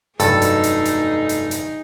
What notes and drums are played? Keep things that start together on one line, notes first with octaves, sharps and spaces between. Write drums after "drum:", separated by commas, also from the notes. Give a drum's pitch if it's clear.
F1 G2 F#3 D#4 G#4 A4 A5, drum: hi-hat
drum: hi-hat
drum: hi-hat
drum: hi-hat
drum: hi-hat
drum: hi-hat